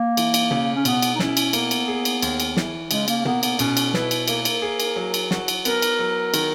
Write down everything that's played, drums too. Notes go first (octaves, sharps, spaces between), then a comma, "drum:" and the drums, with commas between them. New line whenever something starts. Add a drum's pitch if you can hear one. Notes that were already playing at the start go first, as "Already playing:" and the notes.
Already playing: A#3
E3, drum: cymbal
drum: cymbal
C#3, drum: tom
C#4
B2 B3, drum: cymbal
drum: cymbal
D#4
C#4 E4, drum: snare
drum: cymbal
A#3 B3, drum: cymbal
drum: cymbal
G#4
drum: cymbal
D#2, drum: cymbal
drum: cymbal
E3, drum: snare
C#3 G#3, drum: cymbal
A#3, drum: cymbal
A#3 B3, drum: tom
B3, drum: cymbal
B2 C#4, drum: cymbal
drum: cymbal
E4 B4, drum: snare
drum: cymbal
A#3 A#4, drum: cymbal
drum: cymbal
G#4
drum: cymbal
F#3
drum: cymbal
F#4, drum: snare
drum: cymbal
B3 A#4, drum: cymbal
drum: cymbal
F#3
D#3, drum: cymbal